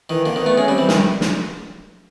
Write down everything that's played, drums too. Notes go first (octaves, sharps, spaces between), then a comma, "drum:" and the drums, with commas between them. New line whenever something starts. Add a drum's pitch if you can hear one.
D#3 E3
D3 A#3
D#3 C4
B3
A3
G#3 C#4
G3
C4
E3
D#3 G3, drum: snare
drum: snare